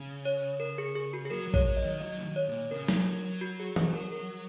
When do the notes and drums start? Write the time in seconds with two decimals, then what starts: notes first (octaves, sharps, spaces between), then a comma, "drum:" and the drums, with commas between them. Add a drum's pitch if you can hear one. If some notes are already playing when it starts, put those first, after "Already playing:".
Already playing: C#3
0.25 C#5
0.60 A#4
0.78 G#4
0.95 G#4
1.13 F#4
1.25 G#4
1.30 F#3 A#4
1.48 F#3
1.54 C#5, drum: kick
1.66 F#3
1.77 D#5
1.83 D#3
2.01 F#3 D#5
2.19 C#3
2.25 D#3
2.36 C#5
2.47 A#2
2.71 C#3 A#4
2.88 F#3, drum: snare F#3
3.06 F#3
3.24 F#3
3.41 F#4
3.60 G#4
3.76 G#4, drum: tom
3.95 A#4
4.12 A#4